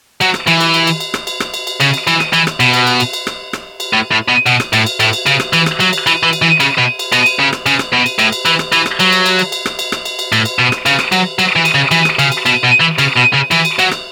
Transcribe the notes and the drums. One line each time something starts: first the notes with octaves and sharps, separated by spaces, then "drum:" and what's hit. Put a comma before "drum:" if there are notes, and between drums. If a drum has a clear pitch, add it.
F#3, drum: cymbal
drum: rim click
E3, drum: cymbal
drum: cymbal
drum: cymbal
drum: cymbal
drum: cymbal
drum: rim click
drum: cymbal
drum: rim click
drum: cymbal
drum: cymbal
C#3, drum: cymbal
drum: cymbal
E3, drum: cymbal
drum: rim click
E3, drum: cymbal
drum: rim click
B2, drum: cymbal
drum: cymbal
drum: cymbal
drum: cymbal
drum: cymbal
drum: rim click
drum: rim click
drum: cymbal
A2
A2
B2
B2, drum: cymbal
drum: rim click
A2, drum: cymbal
drum: cymbal
A2, drum: cymbal
drum: cymbal
C#3, drum: cymbal
drum: rim click
E3, drum: cymbal
drum: rim click
F#3, drum: cymbal
drum: cymbal
E3, drum: cymbal
E3
drum: cymbal
E3
C#3, drum: cymbal
B2
drum: cymbal
B2, drum: cymbal
drum: cymbal
C#3
drum: rim click
C#3, drum: cymbal
drum: rim click
B2
drum: cymbal
A2, drum: cymbal
drum: cymbal
E3, drum: cymbal
drum: rim click
E3, drum: cymbal
drum: rim click
F#3, drum: cymbal
drum: cymbal
drum: cymbal
drum: cymbal
drum: cymbal
drum: rim click
drum: cymbal
drum: rim click
drum: cymbal
drum: cymbal
A2, drum: cymbal
drum: cymbal
B2
drum: rim click
C#3, drum: cymbal
drum: rim click
F#3, drum: cymbal
F#3, drum: cymbal
E3
drum: cymbal
C#3
E3, drum: cymbal
drum: rim click
C#3, drum: cymbal
drum: cymbal
B2, drum: cymbal
B2
E3
C#3, drum: cymbal
B2
C#3
E3, drum: cymbal
drum: cymbal
F#3, drum: cymbal
drum: rim click